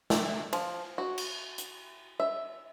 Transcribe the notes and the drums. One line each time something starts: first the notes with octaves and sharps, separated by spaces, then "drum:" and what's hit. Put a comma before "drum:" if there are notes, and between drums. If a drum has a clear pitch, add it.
A3, drum: snare
F3, drum: cymbal
F#4
drum: cymbal
drum: hi-hat
E5